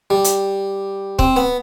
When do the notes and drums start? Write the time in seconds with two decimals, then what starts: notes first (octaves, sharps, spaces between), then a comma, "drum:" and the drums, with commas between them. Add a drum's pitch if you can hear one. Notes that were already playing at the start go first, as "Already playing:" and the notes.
0.10 G3
0.24 drum: hi-hat
1.19 C4, drum: kick
1.36 B3